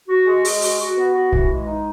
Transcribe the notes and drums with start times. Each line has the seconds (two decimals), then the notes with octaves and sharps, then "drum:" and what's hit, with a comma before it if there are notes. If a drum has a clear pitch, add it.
0.09 F#4
0.26 G#3
0.45 G#3, drum: open hi-hat
0.62 F#4, drum: open hi-hat
0.79 F#4
0.97 B3
1.14 F#4
1.32 E3, drum: kick
1.49 G#3
1.68 D#4